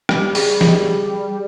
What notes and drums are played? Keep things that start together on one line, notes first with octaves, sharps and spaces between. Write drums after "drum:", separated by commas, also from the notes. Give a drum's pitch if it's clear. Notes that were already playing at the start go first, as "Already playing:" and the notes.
G3, drum: rim click
G#4, drum: open hi-hat
drum: snare